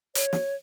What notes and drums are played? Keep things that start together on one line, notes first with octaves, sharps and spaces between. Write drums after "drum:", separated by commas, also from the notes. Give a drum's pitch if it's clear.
C#5, drum: hi-hat
drum: snare